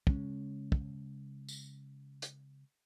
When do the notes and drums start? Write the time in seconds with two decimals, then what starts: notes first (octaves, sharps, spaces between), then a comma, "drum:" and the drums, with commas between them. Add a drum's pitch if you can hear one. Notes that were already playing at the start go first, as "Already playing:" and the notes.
0.07 C#3 G#3 C#4, drum: kick
0.72 drum: kick
1.49 drum: tambourine
2.22 drum: hi-hat